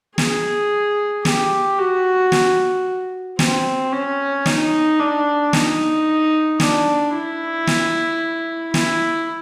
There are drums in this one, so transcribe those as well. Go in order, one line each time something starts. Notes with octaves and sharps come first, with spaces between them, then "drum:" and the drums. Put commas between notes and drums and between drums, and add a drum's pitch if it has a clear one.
G#4, drum: snare
G4, drum: snare
F#4
drum: snare
C4, drum: snare
C#4
D#4, drum: snare
D4
D#4, drum: snare
D4, drum: snare
E4
drum: snare
E4, drum: snare